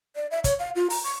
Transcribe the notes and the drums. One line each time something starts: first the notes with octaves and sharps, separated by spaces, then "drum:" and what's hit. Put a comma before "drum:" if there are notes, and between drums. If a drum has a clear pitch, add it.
D5
E5
C#5, drum: kick, hi-hat
F5
F4
A#5, drum: open hi-hat
C#6